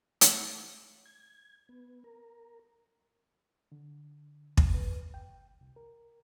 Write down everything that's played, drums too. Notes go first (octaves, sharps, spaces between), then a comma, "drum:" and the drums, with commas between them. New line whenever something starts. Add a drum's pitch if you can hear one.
A3, drum: hi-hat
G#6
B3
A#4
D3
drum: kick
B4
G5
C2
A#4